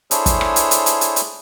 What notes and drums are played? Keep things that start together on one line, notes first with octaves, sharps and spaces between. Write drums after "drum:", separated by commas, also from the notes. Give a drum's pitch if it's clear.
D4 E4 G#4 A4 C5 C#5, drum: hi-hat
drum: kick, hi-hat
drum: rim click
drum: hi-hat
drum: hi-hat
drum: hi-hat
drum: hi-hat
drum: hi-hat